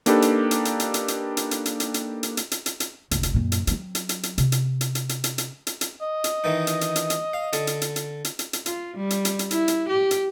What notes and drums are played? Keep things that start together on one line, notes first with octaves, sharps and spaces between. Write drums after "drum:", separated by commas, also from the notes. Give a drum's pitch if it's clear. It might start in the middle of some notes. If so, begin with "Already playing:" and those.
A#3 D4 D#4 G4 A4 B4, drum: hi-hat
drum: hi-hat
drum: hi-hat
drum: hi-hat
drum: hi-hat
drum: hi-hat
drum: hi-hat
drum: hi-hat
drum: hi-hat
drum: hi-hat
drum: hi-hat
drum: hi-hat
drum: hi-hat
drum: hi-hat
drum: hi-hat
drum: hi-hat
drum: hi-hat
F1 D2, drum: hi-hat
drum: hi-hat
F#2 A#2
drum: hi-hat
F#3 C4, drum: hi-hat
drum: hi-hat
drum: hi-hat
drum: hi-hat
C3, drum: hi-hat
drum: hi-hat
drum: hi-hat
drum: hi-hat
drum: hi-hat
drum: hi-hat
drum: hi-hat
drum: hi-hat
drum: hi-hat
D#5
drum: hi-hat
D#3 E3 D#4
drum: hi-hat
drum: hi-hat
drum: hi-hat
drum: hi-hat
F5
D3, drum: hi-hat
drum: hi-hat
drum: hi-hat
drum: hi-hat
drum: hi-hat
drum: hi-hat
drum: hi-hat
F4, drum: hi-hat
G3
drum: hi-hat
drum: hi-hat
drum: hi-hat
E4, drum: hi-hat
drum: hi-hat
G4
drum: hi-hat